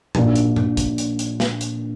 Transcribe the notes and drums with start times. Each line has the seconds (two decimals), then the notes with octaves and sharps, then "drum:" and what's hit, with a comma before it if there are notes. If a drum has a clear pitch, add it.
0.15 A#1 A#2 A#3 D4 F#4, drum: tom G#2
0.36 drum: hi-hat
0.56 drum: tom G2
0.77 drum: kick, hi-hat
0.98 drum: hi-hat
1.19 drum: hi-hat
1.40 drum: snare
1.61 drum: hi-hat